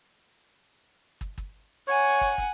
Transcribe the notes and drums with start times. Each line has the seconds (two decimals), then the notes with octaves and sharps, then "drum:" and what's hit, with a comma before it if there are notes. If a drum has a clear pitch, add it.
1.21 drum: kick
1.38 drum: kick
1.88 C#5 F#5 G#5
2.21 drum: kick
2.38 drum: kick